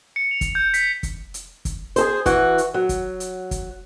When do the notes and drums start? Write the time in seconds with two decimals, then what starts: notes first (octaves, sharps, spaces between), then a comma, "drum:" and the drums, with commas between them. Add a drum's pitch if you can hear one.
0.16 C#7
0.31 F7
0.41 drum: kick, hi-hat
0.55 G6
0.74 B6, drum: hi-hat
1.03 drum: kick, hi-hat
1.34 drum: hi-hat
1.65 drum: kick, hi-hat
1.96 G#4 A4 C5, drum: hi-hat
2.26 E3 F#4, drum: kick, hi-hat
2.58 drum: hi-hat
2.74 F#3
2.89 drum: kick, hi-hat
3.20 drum: hi-hat
3.51 drum: kick, hi-hat